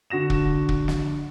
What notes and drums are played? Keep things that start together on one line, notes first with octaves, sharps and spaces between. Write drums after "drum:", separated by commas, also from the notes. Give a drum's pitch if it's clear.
D3 F#4 A#6 E7
drum: kick
drum: kick
drum: snare